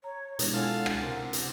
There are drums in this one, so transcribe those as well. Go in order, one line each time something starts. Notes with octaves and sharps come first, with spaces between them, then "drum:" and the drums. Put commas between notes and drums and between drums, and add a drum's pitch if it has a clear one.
C#5 A#5
B2 G#3 D4 E4, drum: hi-hat
F4 A4 C#5 F#5 G#5 G#6
D4
drum: rim click
C3 A#4
drum: hi-hat